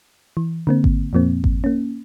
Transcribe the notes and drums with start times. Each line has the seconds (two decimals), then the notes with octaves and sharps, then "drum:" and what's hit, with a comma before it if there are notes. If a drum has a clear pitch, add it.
0.37 E3
0.67 D3 A#3 C4
0.84 drum: kick G#1
1.13 F2 A#2 F3 A#3 C4
1.44 drum: kick G#1
1.64 A#3 C#4